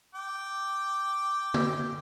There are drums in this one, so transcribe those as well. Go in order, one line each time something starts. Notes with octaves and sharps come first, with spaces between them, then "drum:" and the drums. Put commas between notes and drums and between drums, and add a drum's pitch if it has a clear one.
G5 D6
drum: tom